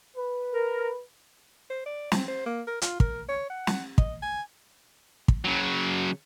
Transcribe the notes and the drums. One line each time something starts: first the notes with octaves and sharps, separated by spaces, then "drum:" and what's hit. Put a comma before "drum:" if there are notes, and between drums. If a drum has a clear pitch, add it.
B4
A#4
C5
D5
C4, drum: snare
C5
A#3
A#4
F4, drum: hi-hat
A#4, drum: kick
C#5
F#5
drum: snare
D#5, drum: kick
G#5
drum: kick
C#3 F#3